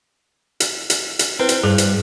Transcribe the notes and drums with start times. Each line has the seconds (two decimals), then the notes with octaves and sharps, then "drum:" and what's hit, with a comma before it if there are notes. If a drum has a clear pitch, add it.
0.60 drum: hi-hat
0.90 drum: hi-hat
1.19 drum: hi-hat
1.39 C4 E4 B4 C5
1.49 drum: hi-hat
1.63 G2 G#4 C5
1.78 drum: hi-hat